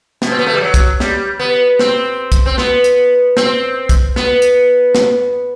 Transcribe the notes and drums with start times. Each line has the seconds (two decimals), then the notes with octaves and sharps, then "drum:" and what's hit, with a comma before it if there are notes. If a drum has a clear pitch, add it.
0.22 B2, drum: snare
0.31 C4
0.39 B3
0.46 A3
0.54 G3
0.61 F#3
0.74 drum: kick, hi-hat
1.00 G3, drum: snare
1.39 B3
1.79 C4, drum: snare
2.32 drum: kick, hi-hat
2.46 C4
2.58 B3, drum: snare
2.84 drum: hi-hat
3.37 C4, drum: snare
3.89 drum: kick, hi-hat
4.16 B3, drum: snare
4.42 drum: hi-hat
4.95 drum: snare